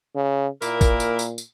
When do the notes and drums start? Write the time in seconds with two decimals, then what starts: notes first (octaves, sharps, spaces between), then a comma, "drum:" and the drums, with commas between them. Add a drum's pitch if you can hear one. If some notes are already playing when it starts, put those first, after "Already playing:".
0.15 C#3
0.62 A#2 A#3 E4 A#4, drum: tambourine
0.81 drum: kick, tambourine
1.00 drum: tambourine
1.19 drum: tambourine
1.38 drum: tambourine